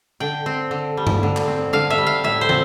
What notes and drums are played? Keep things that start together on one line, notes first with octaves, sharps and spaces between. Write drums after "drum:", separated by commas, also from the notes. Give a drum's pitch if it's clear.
D3 G5
C4
D3
G3
drum: tom G2
D3
drum: clap
C4
D3 F5
E5
G3
F5
A2 E5
C5
C4, drum: tom